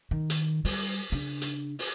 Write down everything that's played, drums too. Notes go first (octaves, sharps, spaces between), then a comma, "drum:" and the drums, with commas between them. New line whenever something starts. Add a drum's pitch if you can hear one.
D#3
drum: hi-hat
G3, drum: open hi-hat
C#3 D4
drum: hi-hat
drum: open hi-hat